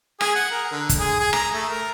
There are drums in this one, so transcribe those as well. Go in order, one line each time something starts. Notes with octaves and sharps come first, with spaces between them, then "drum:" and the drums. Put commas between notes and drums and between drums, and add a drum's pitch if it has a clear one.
G#4, drum: rim click
F#5
A#4
D3
drum: kick, hi-hat
G#4
G#4
A#5, drum: rim click
A3
A#4